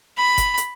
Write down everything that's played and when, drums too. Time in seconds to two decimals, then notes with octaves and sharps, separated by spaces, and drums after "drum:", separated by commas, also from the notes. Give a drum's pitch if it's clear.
0.18 B5
0.38 drum: kick G1, hi-hat
0.57 drum: hi-hat